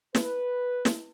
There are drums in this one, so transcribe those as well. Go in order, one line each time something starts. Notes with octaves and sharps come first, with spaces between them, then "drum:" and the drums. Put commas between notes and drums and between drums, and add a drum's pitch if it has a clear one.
B4, drum: snare
drum: snare